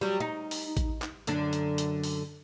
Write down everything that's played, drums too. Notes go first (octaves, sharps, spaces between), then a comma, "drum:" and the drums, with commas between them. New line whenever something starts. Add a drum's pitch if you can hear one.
F#3 G3
D#4
drum: open hi-hat
drum: kick A1, hi-hat
drum: clap
F#2 D3 D4, drum: hi-hat
drum: hi-hat
drum: hi-hat
drum: open hi-hat